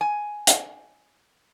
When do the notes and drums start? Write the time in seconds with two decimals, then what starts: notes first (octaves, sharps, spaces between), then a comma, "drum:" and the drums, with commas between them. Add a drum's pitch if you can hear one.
0.01 G#5
0.47 drum: hi-hat